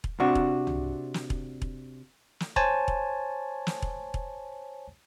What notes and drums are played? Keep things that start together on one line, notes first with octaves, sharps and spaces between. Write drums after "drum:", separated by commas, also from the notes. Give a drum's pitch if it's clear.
drum: kick E1
C3 D4 F#4
drum: kick E1
drum: tom
drum: snare
drum: kick E1
drum: kick E1
drum: snare
C5 C#5 G#5 A5, drum: kick E1
drum: kick E1
drum: snare
drum: kick E1
drum: kick E1